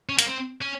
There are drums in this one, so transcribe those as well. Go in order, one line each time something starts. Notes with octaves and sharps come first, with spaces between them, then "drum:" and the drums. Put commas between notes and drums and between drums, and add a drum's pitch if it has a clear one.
C#4
A#3, drum: hi-hat
C4
C#4